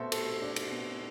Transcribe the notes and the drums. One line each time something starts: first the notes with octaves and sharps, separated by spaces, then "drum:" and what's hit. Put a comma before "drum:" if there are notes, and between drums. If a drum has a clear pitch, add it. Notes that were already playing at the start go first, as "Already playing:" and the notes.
Already playing: B2 A3 A4 C5 E5
A3 A4, drum: cymbal
D4
drum: cymbal
B2